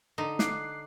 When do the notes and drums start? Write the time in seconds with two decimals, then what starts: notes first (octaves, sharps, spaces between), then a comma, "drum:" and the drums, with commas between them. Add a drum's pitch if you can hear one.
0.18 D3 D#4
0.39 D6 F#6 C7, drum: snare